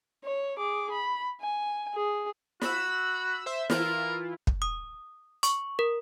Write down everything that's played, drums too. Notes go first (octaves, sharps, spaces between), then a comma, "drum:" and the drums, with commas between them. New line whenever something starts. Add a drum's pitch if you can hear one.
C#5
G#4 D6
B5
G#5
G#4
F#4 B5 E6, drum: snare
C5 E5
E3 E4 F4 A#4, drum: snare
drum: kick
D#6
C#6, drum: hi-hat
A#4